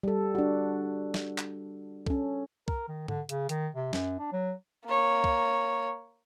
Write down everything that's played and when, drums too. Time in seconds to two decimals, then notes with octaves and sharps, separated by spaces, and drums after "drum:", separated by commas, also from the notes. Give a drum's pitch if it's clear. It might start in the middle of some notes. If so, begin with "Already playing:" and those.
0.03 G3 A4
0.35 D4 F#4
1.14 drum: snare
1.38 drum: clap
2.07 C#4 A4, drum: kick
2.68 A#4, drum: kick
2.88 D#3
3.08 D3, drum: tom G#2
3.29 C#3, drum: hi-hat
3.49 D#3, drum: hi-hat
3.75 C3
3.93 F#2, drum: snare
4.19 D4
4.32 F#3
4.86 A#3 C#5
5.24 drum: kick